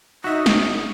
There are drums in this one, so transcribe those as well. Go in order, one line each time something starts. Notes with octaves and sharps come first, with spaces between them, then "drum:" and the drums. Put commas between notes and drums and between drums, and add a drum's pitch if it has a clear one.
D#4 F#4 C#5 E5 D#6
drum: snare